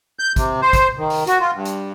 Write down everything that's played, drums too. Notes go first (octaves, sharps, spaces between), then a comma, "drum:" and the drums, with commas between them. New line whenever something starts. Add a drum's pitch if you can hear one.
G6
C3, drum: kick, hi-hat
C5
drum: kick, hi-hat
D#3
drum: open hi-hat
F#4, drum: hi-hat
F4
G2
drum: hi-hat